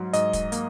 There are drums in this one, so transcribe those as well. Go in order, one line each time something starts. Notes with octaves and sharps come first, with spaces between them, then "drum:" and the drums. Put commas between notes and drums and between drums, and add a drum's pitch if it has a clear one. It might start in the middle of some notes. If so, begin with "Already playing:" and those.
Already playing: G#2 F#3
G#2 D#5, drum: hi-hat
drum: kick, hi-hat
A#3, drum: hi-hat